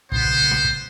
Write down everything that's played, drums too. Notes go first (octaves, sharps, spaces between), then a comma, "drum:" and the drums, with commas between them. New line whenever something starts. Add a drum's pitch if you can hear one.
B1 A#2 C#3 B3 C5, drum: kick
drum: kick
drum: snare
drum: kick